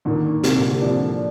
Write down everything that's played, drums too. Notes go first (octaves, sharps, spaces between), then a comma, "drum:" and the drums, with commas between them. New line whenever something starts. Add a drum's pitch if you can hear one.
A#2 D3 D#3
C3, drum: snare
A#2 D3
D3 F3 D4